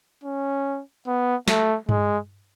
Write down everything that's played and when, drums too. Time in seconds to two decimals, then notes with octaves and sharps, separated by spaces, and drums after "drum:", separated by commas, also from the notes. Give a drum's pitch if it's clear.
0.23 C#4
1.07 B3
1.48 A3, drum: snare
1.89 G#3, drum: tom G2